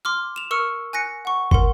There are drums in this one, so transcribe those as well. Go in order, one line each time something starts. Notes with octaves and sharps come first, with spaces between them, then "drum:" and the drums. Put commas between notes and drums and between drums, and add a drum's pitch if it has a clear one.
C6 D6 F6
E7 F7
A#4 C#6 E6 F6 C#7
G#5 F#6 A#6 C#7
F#5 C#6
A#4 F#5 C6, drum: kick